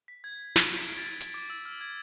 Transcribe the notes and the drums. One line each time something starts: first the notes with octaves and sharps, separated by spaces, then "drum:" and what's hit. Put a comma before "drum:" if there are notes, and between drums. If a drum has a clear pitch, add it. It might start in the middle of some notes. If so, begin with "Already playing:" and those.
B6
G#6
D7, drum: snare
B6
A6
drum: hi-hat
D6
E6
F6
G#6